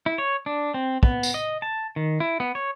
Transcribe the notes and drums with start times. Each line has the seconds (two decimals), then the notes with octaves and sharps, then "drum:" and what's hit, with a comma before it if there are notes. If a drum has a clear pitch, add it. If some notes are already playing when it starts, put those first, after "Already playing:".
0.06 E4
0.18 C#5
0.46 D4
0.74 C4
1.03 B3, drum: kick
1.23 drum: tambourine
1.34 D#5
1.62 A5
1.96 D#3
2.20 E4
2.40 B3
2.55 C#5